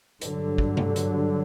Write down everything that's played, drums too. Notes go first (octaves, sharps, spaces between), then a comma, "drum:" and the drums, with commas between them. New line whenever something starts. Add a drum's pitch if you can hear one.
G2 D3 F#3, drum: hi-hat
drum: kick
drum: tom C3
drum: hi-hat